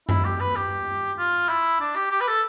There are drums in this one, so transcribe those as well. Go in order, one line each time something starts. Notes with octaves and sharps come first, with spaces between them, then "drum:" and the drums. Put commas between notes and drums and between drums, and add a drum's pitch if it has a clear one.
E4, drum: tom F#2
G4
B4
G4
F4
E4
D4
G4
G4
B4
A4